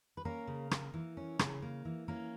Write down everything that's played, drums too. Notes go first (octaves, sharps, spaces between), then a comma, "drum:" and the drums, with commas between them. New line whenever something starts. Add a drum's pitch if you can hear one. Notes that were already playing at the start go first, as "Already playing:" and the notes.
B4
A#3 C#4 A#4
C#3
A#3, drum: rim click
E3
C#4
C#3, drum: rim click
A#3
E3
A#3 C#4 A#4